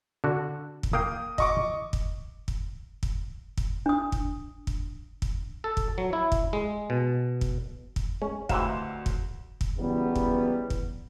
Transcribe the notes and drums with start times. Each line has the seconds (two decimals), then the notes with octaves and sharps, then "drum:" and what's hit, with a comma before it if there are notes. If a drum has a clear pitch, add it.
0.24 D3 F#4
0.83 drum: kick
0.93 A#3 F5 G5 D#6
1.38 D#5 C#6 D6, drum: kick
1.93 drum: kick
2.48 drum: kick
3.03 drum: kick
3.57 drum: kick
3.86 D4 D#6
4.12 drum: kick
4.67 drum: kick
5.22 drum: kick
5.64 A4
5.77 drum: kick
5.98 F#3
6.13 E4
6.32 drum: kick
6.53 G#3
6.90 B2
7.41 drum: kick
7.96 drum: kick
8.22 G#3 C#4
8.49 D2 G#2 C3 E3 F5 E6 E7, drum: kick
9.06 drum: kick
9.61 drum: kick
9.78 C#3 E3 F#3 G3 B3
10.15 drum: kick
10.70 drum: kick